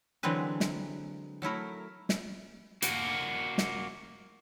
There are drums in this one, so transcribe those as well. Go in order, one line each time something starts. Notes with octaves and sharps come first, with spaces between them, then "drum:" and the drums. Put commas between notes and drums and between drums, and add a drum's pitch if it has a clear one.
D3 E3 F#3 G#3 C4 B4
drum: snare
F#3 A3 E4 A#4
drum: snare
A#3 F#4, drum: hi-hat
drum: snare